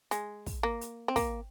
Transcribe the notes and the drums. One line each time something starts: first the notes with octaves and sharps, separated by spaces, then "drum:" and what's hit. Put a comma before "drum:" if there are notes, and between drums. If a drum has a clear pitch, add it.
G#3, drum: hi-hat
drum: kick, open hi-hat
A#3
drum: hi-hat
C4
A#3, drum: kick, open hi-hat